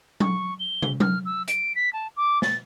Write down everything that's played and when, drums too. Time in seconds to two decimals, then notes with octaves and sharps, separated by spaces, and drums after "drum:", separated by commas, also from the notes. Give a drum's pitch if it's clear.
0.20 C#6, drum: tom F#3
0.59 G7
0.82 drum: tom
1.00 F6, drum: tom F#3
1.25 E6
1.48 D7, drum: hi-hat
1.75 B6
1.92 A5
2.16 D6
2.42 A6, drum: snare